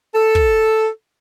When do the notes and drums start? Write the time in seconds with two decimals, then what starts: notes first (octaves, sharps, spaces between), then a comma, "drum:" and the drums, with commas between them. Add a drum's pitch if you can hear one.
0.15 A4
0.35 drum: kick